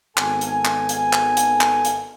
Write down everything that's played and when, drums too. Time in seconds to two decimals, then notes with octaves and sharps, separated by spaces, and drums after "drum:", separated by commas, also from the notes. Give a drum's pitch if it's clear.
0.17 G#1 B3 A4 G#5, drum: clap
0.41 drum: hi-hat
0.65 drum: clap
0.89 drum: hi-hat
1.13 drum: clap
1.37 drum: hi-hat
1.61 drum: clap
1.85 drum: hi-hat